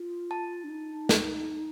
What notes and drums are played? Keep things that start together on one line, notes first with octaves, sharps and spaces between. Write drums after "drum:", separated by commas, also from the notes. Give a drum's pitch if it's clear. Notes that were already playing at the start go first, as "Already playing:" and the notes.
Already playing: F4
A5
D4
D#4
drum: snare